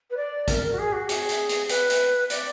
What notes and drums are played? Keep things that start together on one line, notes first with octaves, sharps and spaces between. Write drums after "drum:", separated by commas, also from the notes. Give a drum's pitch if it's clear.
B4
D5
A#4, drum: kick, hi-hat
A#4
F#4
G#4
F#4
G#4, drum: hi-hat
drum: hi-hat
drum: hi-hat
B4, drum: hi-hat
drum: hi-hat
D5, drum: hi-hat